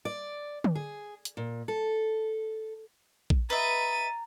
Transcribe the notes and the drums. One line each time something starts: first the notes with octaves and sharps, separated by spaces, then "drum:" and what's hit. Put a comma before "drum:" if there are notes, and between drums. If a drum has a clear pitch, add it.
D5
drum: tom
G#4
drum: hi-hat
A#2
A4
drum: kick A#1
B4 D#5 E5 A#5 A6 D#7